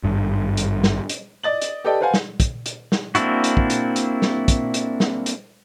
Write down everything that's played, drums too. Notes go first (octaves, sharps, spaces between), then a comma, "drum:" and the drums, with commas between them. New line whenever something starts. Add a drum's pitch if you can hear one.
G#1 G2
drum: hi-hat
drum: snare
drum: hi-hat
D5 D#5 A6 F#7
drum: hi-hat
G4 A4 B4 D5 D#5 G5
B4 C5 F5 F#5 G#5
drum: snare
drum: kick, hi-hat
drum: hi-hat
drum: snare
A#3 C4 D4 E4 F#4, drum: hi-hat
drum: hi-hat
drum: kick
drum: hi-hat
drum: hi-hat
drum: snare
drum: kick, hi-hat
drum: hi-hat
drum: snare
drum: hi-hat